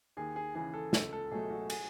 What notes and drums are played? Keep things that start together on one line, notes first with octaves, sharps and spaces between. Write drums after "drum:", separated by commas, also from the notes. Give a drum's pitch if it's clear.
D#2 G#4
G#4
C#3 E3 G#4
A4
C#2 A4, drum: snare
A4
B2 F#3 A3 G#4
F#4
G#4, drum: cymbal